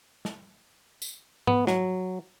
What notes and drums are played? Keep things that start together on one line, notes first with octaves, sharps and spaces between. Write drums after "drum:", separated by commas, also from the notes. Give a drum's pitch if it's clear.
drum: snare
drum: tambourine
B3, drum: tom G#2
F#3, drum: snare